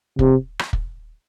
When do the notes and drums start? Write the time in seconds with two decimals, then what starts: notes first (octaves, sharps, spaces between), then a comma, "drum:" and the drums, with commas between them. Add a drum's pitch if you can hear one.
0.19 C3, drum: kick
0.59 drum: rim click
0.73 drum: kick